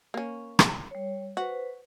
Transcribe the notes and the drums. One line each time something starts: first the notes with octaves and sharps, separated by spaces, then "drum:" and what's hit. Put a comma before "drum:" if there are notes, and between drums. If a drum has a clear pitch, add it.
A#3 C#4
drum: rim click
G3 C#5
F#4 B4 C5